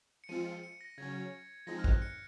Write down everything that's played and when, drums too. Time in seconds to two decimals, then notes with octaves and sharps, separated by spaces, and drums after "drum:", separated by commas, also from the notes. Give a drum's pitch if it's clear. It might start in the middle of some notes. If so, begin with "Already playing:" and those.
0.24 C#7
0.29 F3 G#3 C4 F4 D#7
0.46 C#7
0.63 C#7
0.81 A#6
0.98 C#3 F#3 C#4 G#6
1.67 F3 G#3 C4 D#4 A#6
1.79 F6
1.84 F#6, drum: kick
2.02 C#7